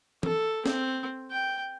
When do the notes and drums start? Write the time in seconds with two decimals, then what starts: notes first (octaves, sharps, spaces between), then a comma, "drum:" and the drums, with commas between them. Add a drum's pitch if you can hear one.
0.23 A4, drum: tom E3
0.66 C4, drum: snare
1.31 G5